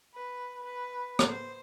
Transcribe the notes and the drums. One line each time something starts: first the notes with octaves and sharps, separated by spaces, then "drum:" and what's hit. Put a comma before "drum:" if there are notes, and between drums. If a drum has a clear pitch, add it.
B4
B4
drum: rim click
C5